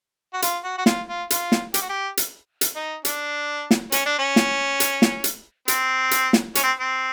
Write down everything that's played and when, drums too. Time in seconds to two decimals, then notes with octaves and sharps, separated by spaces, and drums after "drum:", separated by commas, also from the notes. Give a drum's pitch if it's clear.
0.33 F#4
0.42 F4, drum: hi-hat
0.64 F#4
0.78 F#4
0.86 F4, drum: snare
1.08 F4
1.30 F4, drum: hi-hat
1.52 drum: snare
1.74 G4, drum: hi-hat
1.82 F#4
1.89 G4
2.17 drum: hi-hat
2.61 drum: hi-hat
2.76 D#4
3.05 D4, drum: hi-hat
3.71 drum: snare
3.92 C#4, drum: hi-hat
4.06 D4
4.19 C#4
4.36 drum: snare
4.80 drum: hi-hat
5.02 drum: snare
5.24 drum: hi-hat
5.68 C4, drum: hi-hat
6.11 drum: hi-hat
6.33 drum: snare
6.55 C#4, drum: hi-hat
6.63 C4
6.80 C4